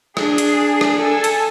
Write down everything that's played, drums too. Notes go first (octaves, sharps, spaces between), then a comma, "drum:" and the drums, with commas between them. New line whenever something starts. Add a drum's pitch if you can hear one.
D4 G#4, drum: rim click
drum: hi-hat
drum: rim click
A4 G#5
drum: hi-hat